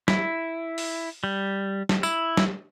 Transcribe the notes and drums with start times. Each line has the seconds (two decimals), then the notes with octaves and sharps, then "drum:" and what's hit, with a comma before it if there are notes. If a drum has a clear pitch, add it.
0.08 E4, drum: snare
0.78 drum: open hi-hat
1.24 G3
1.89 drum: snare
2.03 E4, drum: tambourine
2.37 drum: snare